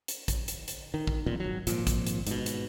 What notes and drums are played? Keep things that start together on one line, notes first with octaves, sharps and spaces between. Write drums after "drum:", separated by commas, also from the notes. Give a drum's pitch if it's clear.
drum: hi-hat
drum: kick, hi-hat
drum: hi-hat
drum: hi-hat
D#3
drum: kick
E1 B1 F2 A#2
G#1 F#3
G#1 A#2 F3, drum: hi-hat
drum: kick, hi-hat
drum: hi-hat
G#2 B2, drum: hi-hat
drum: hi-hat